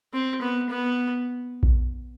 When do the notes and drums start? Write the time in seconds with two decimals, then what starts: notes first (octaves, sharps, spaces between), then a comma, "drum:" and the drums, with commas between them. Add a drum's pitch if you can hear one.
0.14 C4
0.41 B3
0.70 B3
1.63 drum: kick A#1